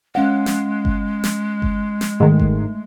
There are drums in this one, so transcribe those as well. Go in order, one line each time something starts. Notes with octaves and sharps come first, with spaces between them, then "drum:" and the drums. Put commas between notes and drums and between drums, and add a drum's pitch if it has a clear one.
G#3 C#4 F5 F#5
drum: snare
drum: kick G1
drum: snare
drum: kick G1
drum: snare
G#2 D#3 A3
drum: kick G1